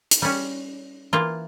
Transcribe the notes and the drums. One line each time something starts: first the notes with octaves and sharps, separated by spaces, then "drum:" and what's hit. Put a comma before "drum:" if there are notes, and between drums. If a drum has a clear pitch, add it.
drum: hi-hat
G3 C#4
E3 A#3 F4